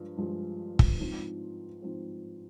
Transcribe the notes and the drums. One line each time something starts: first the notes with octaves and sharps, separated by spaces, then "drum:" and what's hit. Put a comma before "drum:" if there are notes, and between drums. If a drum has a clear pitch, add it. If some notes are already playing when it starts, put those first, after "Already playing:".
Already playing: G2 F3 G#3
G2 F3 G#3
drum: kick
G#2 F3 C4
G#2 F3 C4